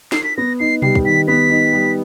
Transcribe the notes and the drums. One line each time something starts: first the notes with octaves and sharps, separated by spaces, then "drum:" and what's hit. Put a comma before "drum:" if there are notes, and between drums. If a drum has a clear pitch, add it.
C7, drum: snare
B6
B3 A#6
D#4 C7
G3 C7, drum: tom B2
drum: kick
D#3 B6
B3 B6
D#4
G3